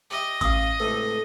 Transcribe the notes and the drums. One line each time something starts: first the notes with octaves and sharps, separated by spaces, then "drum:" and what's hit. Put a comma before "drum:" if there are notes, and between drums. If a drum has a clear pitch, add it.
G4 D#5 E5 G5
A1 F5 D#6, drum: kick A1, hi-hat
C#2 A2 C3 A4